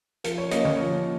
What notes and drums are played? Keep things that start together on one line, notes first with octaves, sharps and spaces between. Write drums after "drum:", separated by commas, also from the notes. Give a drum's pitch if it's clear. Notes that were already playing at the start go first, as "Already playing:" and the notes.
F3 A#4, drum: hi-hat
C#5
A#3 C#4 D#5, drum: hi-hat
C#5, drum: tom
F3